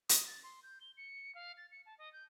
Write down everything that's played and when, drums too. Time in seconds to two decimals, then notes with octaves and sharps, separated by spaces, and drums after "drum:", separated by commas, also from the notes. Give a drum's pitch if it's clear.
0.09 D#6, drum: hi-hat
0.26 A6
0.43 C6
0.63 G6
0.81 G7
0.97 C#7
1.35 F5
1.57 A6
1.71 C#7
1.86 A5
1.98 D#5
2.13 G6